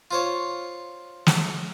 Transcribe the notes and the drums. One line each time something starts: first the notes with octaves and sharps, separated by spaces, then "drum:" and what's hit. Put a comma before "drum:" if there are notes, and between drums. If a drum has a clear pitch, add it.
F4 C5 C#5
drum: snare